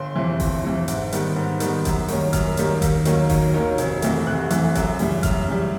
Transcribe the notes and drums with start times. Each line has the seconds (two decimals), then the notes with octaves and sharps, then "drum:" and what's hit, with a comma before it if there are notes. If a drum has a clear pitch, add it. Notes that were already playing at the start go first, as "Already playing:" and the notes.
Already playing: G1 C6
0.16 F2 C3 E3
0.40 G1, drum: kick G1, open hi-hat
0.64 F2 C3 E3
0.88 G#2, drum: hi-hat
1.12 D#3 G3 B3, drum: hi-hat
1.36 G#2
1.60 D#3 G3 B3, drum: hi-hat
1.85 F#2, drum: kick G1, hi-hat
2.08 D#3 G3 A#3 C#4, drum: open hi-hat
2.33 F#2 F6, drum: kick G1, hi-hat
2.57 D#3 G3 A#3 C#4, drum: hi-hat
2.82 D#2, drum: kick G1, hi-hat
3.05 D#3 F#3 A#3 C#4, drum: hi-hat
3.30 D#2, drum: kick G1, open hi-hat
3.54 D#3 F#3 A#3 C#4
3.78 F1, drum: hi-hat
4.02 E2 C3 E3 A3, drum: hi-hat
4.26 F1 F#6
4.50 E2 C3 E3 A3, drum: hi-hat
4.75 F#2, drum: kick G1, hi-hat
4.99 C#3 E3 G3, drum: open hi-hat
5.23 F#2 F6, drum: kick G1, hi-hat
5.48 C#3 E3 G3